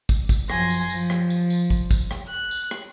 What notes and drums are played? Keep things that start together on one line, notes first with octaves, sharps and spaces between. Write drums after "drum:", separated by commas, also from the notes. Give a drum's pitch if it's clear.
drum: kick, tambourine
drum: kick, tambourine
F#2 F3 G#5 C6 A#6, drum: rim click
drum: tambourine
F3, drum: tambourine
drum: rim click
drum: tambourine
drum: tambourine
drum: kick, tambourine
drum: kick, tambourine
drum: rim click
F#6
drum: tambourine
drum: rim click